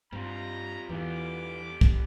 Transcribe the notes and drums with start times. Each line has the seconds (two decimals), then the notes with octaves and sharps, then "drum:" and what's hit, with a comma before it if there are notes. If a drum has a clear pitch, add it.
0.13 G2 G3 C4 F4 A#5
0.89 E2 E3 G3 B3 F4 D6
1.81 drum: kick